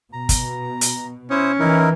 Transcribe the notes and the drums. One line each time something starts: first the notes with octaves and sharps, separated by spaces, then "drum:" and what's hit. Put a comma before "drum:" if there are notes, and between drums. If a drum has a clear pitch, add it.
B2 A#5
drum: kick, hi-hat
drum: hi-hat
C#4 E4 C5 D#6
E3 D#4 E4 A#4